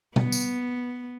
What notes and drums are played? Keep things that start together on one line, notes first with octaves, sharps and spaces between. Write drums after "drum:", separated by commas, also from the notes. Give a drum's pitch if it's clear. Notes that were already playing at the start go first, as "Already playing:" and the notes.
B3, drum: tom B2
drum: tambourine